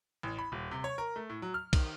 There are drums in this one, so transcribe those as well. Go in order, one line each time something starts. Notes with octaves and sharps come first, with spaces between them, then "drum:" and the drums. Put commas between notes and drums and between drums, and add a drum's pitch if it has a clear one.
A1
B5
D#1
C3
C#5
A#4
A3
A2
F#3
F6
D#3, drum: kick B1, cymbal